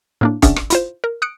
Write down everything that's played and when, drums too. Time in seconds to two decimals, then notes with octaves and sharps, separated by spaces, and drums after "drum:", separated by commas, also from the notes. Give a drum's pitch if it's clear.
0.21 A2 A#3 D4
0.42 C#4 D4 G#4 D5 E5 F#5, drum: kick, hi-hat
0.56 drum: rim click
0.70 E4 F4 C5, drum: hi-hat
1.04 A#4
1.22 D#6 F#6 C#7 D7